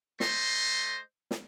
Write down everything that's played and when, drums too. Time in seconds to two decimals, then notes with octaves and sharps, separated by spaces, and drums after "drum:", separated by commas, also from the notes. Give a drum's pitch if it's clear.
0.20 A3 C5 D#5 C6, drum: snare
1.31 drum: snare